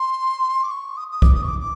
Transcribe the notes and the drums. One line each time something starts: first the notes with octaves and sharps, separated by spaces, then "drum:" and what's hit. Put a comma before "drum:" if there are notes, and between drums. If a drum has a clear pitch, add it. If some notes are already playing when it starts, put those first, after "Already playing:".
Already playing: C6
D6
C#6
D#6
D#6
D6, drum: kick C2
D#6
C#6
D6
D6